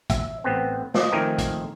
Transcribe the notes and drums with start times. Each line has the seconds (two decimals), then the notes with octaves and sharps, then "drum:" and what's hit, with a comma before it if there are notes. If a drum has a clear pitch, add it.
0.10 E5, drum: kick, hi-hat
0.44 A1 B3 C4
0.94 D5 D#5, drum: snare
1.12 D#3 F3 A3 C4 A#4 G#5
1.39 drum: kick, hi-hat